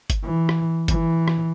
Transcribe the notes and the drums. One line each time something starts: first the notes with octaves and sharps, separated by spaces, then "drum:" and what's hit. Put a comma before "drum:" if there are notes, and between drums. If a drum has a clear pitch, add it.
drum: kick G1, hi-hat
E3
drum: rim click
E3, drum: kick G1, hi-hat
drum: rim click